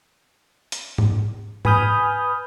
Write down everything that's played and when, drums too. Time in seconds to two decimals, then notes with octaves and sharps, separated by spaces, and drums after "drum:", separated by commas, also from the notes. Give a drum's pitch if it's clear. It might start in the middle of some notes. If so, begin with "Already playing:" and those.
0.72 drum: hi-hat
0.98 drum: tom G#2
1.65 B4 G#5 B5 D#6 F6 G6, drum: tom G#2